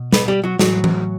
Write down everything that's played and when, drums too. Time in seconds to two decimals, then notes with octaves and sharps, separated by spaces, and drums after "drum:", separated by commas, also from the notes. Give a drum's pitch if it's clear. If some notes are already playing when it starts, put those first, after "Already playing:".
Already playing: B2
0.13 B3 B4, drum: snare
0.28 G3 G4
0.44 F#3 F#4
0.59 A2 E3 F#3 F#4, drum: snare
0.84 drum: tom E3